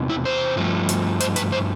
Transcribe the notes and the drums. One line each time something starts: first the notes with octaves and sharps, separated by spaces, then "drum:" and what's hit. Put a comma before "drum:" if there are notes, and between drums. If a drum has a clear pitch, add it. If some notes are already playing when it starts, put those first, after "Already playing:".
Already playing: E2 C3 E3
E4
C5
G2 F3 A3
drum: hi-hat
C5, drum: hi-hat
B4, drum: hi-hat
C5